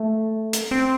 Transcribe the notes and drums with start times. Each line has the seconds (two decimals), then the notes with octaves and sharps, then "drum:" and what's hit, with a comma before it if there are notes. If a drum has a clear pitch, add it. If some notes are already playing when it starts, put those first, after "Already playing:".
Already playing: A3
0.53 drum: hi-hat
0.71 C4